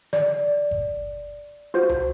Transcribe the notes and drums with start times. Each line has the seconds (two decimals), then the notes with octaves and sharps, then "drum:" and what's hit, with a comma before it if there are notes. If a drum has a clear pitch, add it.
0.13 D5, drum: snare
0.71 drum: kick G1
1.74 F4 F#4 C5
1.89 drum: tom C#2